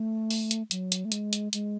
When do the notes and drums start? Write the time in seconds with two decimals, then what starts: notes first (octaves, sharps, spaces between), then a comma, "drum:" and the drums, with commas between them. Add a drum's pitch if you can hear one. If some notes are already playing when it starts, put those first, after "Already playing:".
Already playing: A3
0.30 drum: open hi-hat
0.51 drum: hi-hat
0.71 F#3, drum: hi-hat
0.92 drum: hi-hat
1.05 A3
1.12 G#3, drum: hi-hat
1.33 drum: hi-hat
1.53 G#3, drum: hi-hat